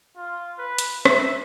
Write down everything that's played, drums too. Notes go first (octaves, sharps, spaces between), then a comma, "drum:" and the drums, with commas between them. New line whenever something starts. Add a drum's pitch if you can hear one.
F4
B4
drum: hi-hat
E5, drum: rim click